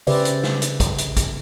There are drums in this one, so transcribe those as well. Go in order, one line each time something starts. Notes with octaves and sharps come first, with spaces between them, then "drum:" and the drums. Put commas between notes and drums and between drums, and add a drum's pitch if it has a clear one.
C#3 G4 B4 C5 D5 E5, drum: open hi-hat
drum: hi-hat
drum: snare
drum: hi-hat
drum: kick, hi-hat
drum: hi-hat
drum: kick, hi-hat